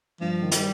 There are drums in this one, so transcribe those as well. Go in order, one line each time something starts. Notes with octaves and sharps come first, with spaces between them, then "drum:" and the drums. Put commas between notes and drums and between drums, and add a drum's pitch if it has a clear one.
G2 F3
D#3
G3, drum: hi-hat